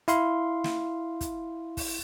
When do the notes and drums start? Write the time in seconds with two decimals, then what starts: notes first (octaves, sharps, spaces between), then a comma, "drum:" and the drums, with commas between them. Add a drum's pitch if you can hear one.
0.08 E4 F5 C6, drum: hi-hat
0.64 drum: snare
1.21 drum: kick, hi-hat
1.77 drum: kick, open hi-hat